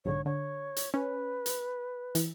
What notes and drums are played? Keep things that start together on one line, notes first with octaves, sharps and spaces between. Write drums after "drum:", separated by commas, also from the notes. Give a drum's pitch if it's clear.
B1 G#2 D3 C#5
D3 C#5
drum: hi-hat
C#4 B4
drum: hi-hat
E3, drum: hi-hat